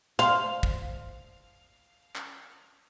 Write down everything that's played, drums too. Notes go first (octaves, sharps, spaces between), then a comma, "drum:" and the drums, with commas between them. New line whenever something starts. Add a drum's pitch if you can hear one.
C5 F5, drum: hi-hat
drum: kick
drum: clap